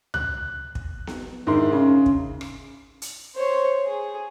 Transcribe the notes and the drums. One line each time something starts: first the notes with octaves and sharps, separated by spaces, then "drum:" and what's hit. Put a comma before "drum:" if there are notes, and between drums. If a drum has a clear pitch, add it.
F#6, drum: tom C#2
drum: kick
drum: snare B3
G#2 D3 D#3 E4 A#4 C6
C#3
drum: kick
drum: rim click
drum: hi-hat
C5 C#5
G#4